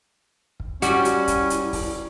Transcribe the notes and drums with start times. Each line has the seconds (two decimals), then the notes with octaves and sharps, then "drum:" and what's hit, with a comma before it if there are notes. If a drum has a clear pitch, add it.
0.60 drum: kick
0.82 G3 C#4 E4 F#4, drum: hi-hat
1.05 drum: hi-hat
1.28 drum: kick, hi-hat
1.50 drum: hi-hat
1.73 drum: kick, open hi-hat